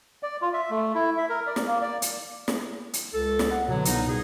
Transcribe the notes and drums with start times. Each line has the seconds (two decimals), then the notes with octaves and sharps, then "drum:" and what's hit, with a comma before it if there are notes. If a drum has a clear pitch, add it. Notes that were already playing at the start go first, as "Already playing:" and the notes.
0.23 D5
0.42 F4
0.53 E5
0.70 A3
0.95 E4
1.18 E5
1.29 A#4
1.47 D5
1.56 drum: snare
1.67 A#3
1.82 D5
2.02 drum: hi-hat
2.48 drum: snare
2.93 drum: hi-hat
3.13 C#2 A4
3.39 drum: snare
3.51 F#5
3.68 B2 D3 F#3
3.85 C2 B3 D#4, drum: hi-hat
4.07 C2 B2 G#4